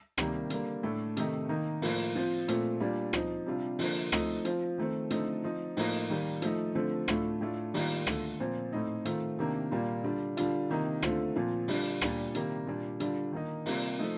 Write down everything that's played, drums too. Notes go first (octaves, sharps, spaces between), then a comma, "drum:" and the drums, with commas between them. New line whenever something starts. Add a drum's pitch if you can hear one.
C3 D#3 G3 A#3, drum: rim click
D3 G3 A#3, drum: hi-hat
A2 A3 D4
C3 D#3 A3 D#4, drum: hi-hat
D#3 A#3 D#4
A2 F3 A#3 F4, drum: open hi-hat
F3 C4 F4
A#2 A3 C4 F4, drum: hi-hat
A#2 G3 D4 F4
F3 C4 D#4, drum: rim click
C3 G3 D4 F4
D3 F3 A#3, drum: open hi-hat
F3 A3 C4 D#4, drum: rim click
F3 C4 F4, drum: hi-hat
D#3 A3 C4
D3 F3 A3 C4 D#4, drum: hi-hat
F3 C4 D#4
A2 F3 A#3 D#4, drum: open hi-hat
D#3 G3 A#3
F3 A3 D#4, drum: hi-hat
D3 F3 A3 C4
A2 A3 D4 F4, drum: rim click
A2 A3 D4 F4
D#3 G3 A#3 F4, drum: open hi-hat
D3 A3 D4 F4, drum: rim click
A#2 F3 C4 F4
A2 A3 C4 D#4
D#3 A3 C4 F4, drum: hi-hat
C3 D#3 A#3 D4
A#2 G3 A#3 F4
D3 G3 D4 F4
D3 G3 D4 F4, drum: hi-hat
C3 D#3 A#3 D#4
D3 A3 C4 F4, drum: rim click
A#2 F3 C4 F4
D3 G3 D4 F4, drum: open hi-hat
A#2 G3 D4 F4, drum: rim click
C3 D#3 G3 A#3, drum: hi-hat
A#2 G3 D4 F4
D3 G3 D4 F4, drum: hi-hat
D#3 A#3 D#4
C3 G3 A#3 F4, drum: open hi-hat
F3 A3 D#4